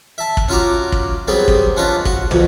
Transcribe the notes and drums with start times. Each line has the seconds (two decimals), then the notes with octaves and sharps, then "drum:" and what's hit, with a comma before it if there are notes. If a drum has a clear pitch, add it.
0.18 E5 A5
0.37 drum: kick
0.48 C#4 F4 F#4 A#5 D6
0.92 drum: kick
1.28 F#3 G3 B3 C4 G#4
1.48 drum: kick
1.76 C#4 D4 F4 B4 D#5
2.05 F#4, drum: kick
2.31 F2 B2, drum: tom